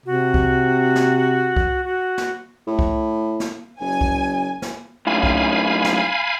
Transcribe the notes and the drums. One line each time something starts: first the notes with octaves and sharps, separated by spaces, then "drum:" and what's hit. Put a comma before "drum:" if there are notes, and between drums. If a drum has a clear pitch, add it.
C3 F#4
drum: kick C2
drum: snare
drum: kick C2
F#4
drum: snare
A2
drum: kick C2
drum: snare
F#1 G#5
drum: kick C2
drum: snare
F#2 A2 F5 G#5 B5
drum: kick C2
drum: snare